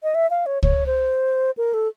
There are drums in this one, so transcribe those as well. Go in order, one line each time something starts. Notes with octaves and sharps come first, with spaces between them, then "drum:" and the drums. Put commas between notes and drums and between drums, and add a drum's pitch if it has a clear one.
D#5
E5
F5
C#5
C#5, drum: kick C#2
C5
A#4
A4